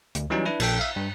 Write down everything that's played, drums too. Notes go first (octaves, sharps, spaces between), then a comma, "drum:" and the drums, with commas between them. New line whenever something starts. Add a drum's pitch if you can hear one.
D2, drum: hi-hat
E3 F#3 G3 C#4 D#4
D4 E4 B4
A#1 A4 G5, drum: cymbal
E5 F5
G2